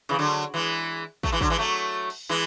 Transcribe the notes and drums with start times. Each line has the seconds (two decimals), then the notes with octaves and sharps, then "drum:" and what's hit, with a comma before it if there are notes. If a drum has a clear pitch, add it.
0.09 C#3 E3
0.19 D3 F#3
0.54 E3 G#3
1.23 F#3 A3, drum: kick
1.32 E3 G#3
1.41 D3 F#3, drum: kick
1.50 E3 G#3
1.59 F#3 A3
2.10 drum: cymbal
2.29 E3 G#3